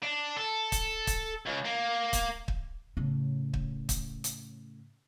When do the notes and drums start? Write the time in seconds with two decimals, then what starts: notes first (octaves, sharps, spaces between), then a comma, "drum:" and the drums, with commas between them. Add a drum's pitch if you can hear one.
0.03 D4
0.37 A4
0.72 drum: kick, hi-hat
1.07 drum: kick, hi-hat
1.46 C#2
1.65 A#3
2.13 drum: kick, hi-hat
2.48 drum: kick
2.97 A2 C#3
3.54 drum: kick
3.89 drum: kick, hi-hat
4.24 drum: hi-hat